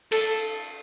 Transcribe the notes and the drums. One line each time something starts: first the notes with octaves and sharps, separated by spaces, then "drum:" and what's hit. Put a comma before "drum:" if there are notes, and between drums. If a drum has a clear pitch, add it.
A4, drum: cymbal